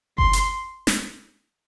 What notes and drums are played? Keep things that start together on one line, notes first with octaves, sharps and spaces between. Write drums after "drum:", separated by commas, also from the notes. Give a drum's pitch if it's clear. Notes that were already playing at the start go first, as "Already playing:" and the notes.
C6, drum: kick F#1
drum: hi-hat
drum: snare